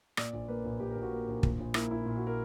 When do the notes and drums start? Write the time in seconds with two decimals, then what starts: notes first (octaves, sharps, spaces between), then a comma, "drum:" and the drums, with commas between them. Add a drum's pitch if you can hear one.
0.17 A#2 D5, drum: rim click
0.33 A#1
0.48 A#3 B4
0.65 A#1
0.80 A#2 G4
0.91 A#4
0.96 A#1
1.02 F#4
1.12 A#3
1.28 A#1
1.43 A#2, drum: kick
1.60 A#1
1.74 A#3 E4, drum: rim click
1.90 A#1 E4
2.06 A#2
2.16 F#4
2.27 A#4